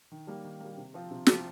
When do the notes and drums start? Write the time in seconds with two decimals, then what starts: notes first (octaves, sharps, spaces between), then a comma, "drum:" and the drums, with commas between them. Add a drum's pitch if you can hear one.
0.12 D#3
0.27 G3 A#3
0.44 D#3
0.60 G3 A#3
0.77 C3
0.94 F3 C4 F4
1.11 C3
1.27 F3 C4 F4, drum: snare